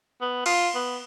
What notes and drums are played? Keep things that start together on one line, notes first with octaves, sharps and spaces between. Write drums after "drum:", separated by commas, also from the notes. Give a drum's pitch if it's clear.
B3
F4, drum: cymbal
B3